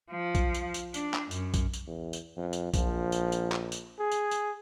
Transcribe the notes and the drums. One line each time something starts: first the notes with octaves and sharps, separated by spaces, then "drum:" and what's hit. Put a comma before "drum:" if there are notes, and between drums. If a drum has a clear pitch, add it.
F3
drum: kick B1, tambourine
drum: tambourine
drum: tambourine
D4, drum: tambourine
drum: clap
F#2, drum: tambourine
drum: kick B1, tambourine
drum: tambourine
E2
drum: tambourine
F2
drum: tambourine
A#1 F3, drum: kick B1, tambourine
drum: tambourine
drum: tambourine
drum: clap
drum: tambourine
G#4
drum: tambourine
drum: tambourine